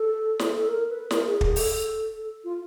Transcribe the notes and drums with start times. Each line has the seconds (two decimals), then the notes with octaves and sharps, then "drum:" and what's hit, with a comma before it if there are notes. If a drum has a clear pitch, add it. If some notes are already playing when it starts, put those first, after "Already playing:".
Already playing: A4
0.39 drum: snare
0.55 A4
0.68 A#4
0.89 B4
1.11 A#4, drum: snare
1.26 G#4
1.41 G#4, drum: kick
1.56 A4, drum: open hi-hat
2.44 F4